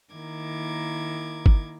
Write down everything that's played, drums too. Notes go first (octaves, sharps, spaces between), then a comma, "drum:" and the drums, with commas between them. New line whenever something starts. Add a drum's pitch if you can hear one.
D#3 A#3 E4 D6 G#6
drum: kick G1